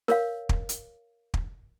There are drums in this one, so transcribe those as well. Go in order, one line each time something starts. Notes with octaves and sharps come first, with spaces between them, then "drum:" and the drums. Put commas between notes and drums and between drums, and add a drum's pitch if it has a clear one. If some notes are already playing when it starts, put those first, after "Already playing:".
A#4 C#5 F5, drum: snare
drum: kick
drum: hi-hat
drum: kick